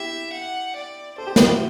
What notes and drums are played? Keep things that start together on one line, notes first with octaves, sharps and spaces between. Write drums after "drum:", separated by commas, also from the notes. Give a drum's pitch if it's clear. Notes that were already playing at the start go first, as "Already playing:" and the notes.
Already playing: E4 G4 E5
F#5
D5
A4 C5
G4
F#4, drum: snare
E4 G4